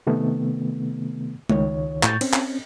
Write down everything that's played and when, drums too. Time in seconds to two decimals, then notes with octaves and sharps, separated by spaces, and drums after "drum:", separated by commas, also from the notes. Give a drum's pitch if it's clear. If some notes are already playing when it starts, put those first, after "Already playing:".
0.07 C3 D#3 A3 B3
1.49 C#2 D#3 C#5, drum: tom G#3
2.03 A2 C#6 G6 A6, drum: clap
2.21 C4 C#4, drum: cymbal
2.33 drum: clap